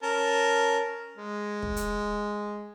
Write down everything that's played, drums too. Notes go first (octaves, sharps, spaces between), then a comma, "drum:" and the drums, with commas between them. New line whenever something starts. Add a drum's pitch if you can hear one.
C#4 A#4 A5
G#3
drum: kick
drum: hi-hat